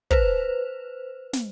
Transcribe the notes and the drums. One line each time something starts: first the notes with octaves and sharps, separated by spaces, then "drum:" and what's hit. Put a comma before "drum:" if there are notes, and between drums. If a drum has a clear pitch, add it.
B4 C5, drum: kick
drum: snare